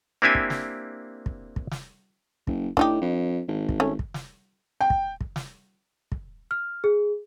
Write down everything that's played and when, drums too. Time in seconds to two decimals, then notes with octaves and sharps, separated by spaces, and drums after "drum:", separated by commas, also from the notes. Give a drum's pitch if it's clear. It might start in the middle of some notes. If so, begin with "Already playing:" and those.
0.22 A#3 C4 D4 E4 G4 G#5
0.35 drum: kick
0.50 drum: snare
1.26 drum: kick
1.56 drum: kick
1.71 drum: snare
2.47 F#1, drum: kick
2.77 A2 D4 D#4 G4, drum: kick
3.01 F2
3.48 G#1
3.69 drum: kick
3.80 A3 C#4
3.99 drum: kick
4.14 drum: snare
4.81 G5
4.90 drum: kick
5.21 drum: kick
5.36 drum: snare
6.12 drum: kick
6.51 F6
6.84 G#4